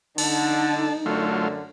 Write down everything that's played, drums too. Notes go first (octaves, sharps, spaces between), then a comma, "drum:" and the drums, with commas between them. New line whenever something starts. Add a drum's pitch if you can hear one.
D3 D#4 A5, drum: cymbal
F#2 D3 F#3 A3 F4